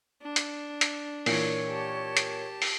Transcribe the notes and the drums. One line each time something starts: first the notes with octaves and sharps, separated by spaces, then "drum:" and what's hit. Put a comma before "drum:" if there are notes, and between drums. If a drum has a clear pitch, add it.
D4
drum: hi-hat
drum: hi-hat
A#2 E3 C#5, drum: open hi-hat
G4 A5
drum: hi-hat
drum: open hi-hat